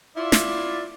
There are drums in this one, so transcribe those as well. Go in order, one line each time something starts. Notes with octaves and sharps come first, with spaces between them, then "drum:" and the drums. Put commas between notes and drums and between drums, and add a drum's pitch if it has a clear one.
E4 F4 D5
drum: snare